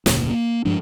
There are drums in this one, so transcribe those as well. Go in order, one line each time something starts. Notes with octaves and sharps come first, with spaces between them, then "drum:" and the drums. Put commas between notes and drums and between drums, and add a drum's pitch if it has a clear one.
F1 D2 A#2 C#3, drum: snare
A#3
G2 F3 G#3 D4